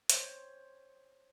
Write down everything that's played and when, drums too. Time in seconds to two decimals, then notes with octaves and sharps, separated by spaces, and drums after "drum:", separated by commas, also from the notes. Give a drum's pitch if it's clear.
0.10 C5 C#5, drum: hi-hat